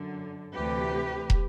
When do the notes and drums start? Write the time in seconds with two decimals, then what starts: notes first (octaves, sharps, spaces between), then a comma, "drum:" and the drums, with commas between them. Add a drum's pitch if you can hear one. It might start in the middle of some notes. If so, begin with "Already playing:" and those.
Already playing: F#2 D3
0.54 D2 C3 E3 G4 B4
1.30 drum: kick